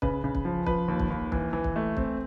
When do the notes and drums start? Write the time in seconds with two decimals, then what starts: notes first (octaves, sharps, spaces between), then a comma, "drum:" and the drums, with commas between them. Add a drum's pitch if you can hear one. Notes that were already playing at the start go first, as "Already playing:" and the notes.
0.02 C#3 B4, drum: kick
0.24 C#3
0.35 drum: kick
0.45 F3
0.67 F3 B4, drum: kick
0.88 D#2
1.00 drum: kick
1.10 D#2
1.32 E3, drum: kick
1.53 E3
1.64 drum: kick
1.76 A3
1.97 C4, drum: kick